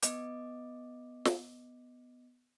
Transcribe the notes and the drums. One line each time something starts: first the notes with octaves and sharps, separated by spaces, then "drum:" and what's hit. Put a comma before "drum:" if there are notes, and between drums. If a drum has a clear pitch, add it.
B3 D#5 D6, drum: hi-hat
drum: snare